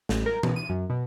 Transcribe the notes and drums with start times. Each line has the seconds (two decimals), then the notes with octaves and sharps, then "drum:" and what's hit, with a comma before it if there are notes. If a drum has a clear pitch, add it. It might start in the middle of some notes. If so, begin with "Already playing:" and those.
0.09 A1, drum: snare
0.26 A#4
0.43 B2, drum: tom E3
0.56 D#7
0.69 F#2
0.90 B2